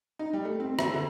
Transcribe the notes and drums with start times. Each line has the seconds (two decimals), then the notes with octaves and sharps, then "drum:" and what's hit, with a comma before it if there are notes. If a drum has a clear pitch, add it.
0.19 D#4
0.33 G3
0.45 A3
0.60 C4
0.79 E5, drum: rim click
0.94 D3